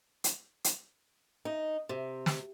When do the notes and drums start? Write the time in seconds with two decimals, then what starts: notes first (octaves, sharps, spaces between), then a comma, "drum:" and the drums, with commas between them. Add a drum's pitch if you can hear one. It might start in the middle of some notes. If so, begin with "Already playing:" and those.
0.24 drum: hi-hat
0.64 drum: hi-hat
1.45 D#4
1.89 C3
2.26 drum: snare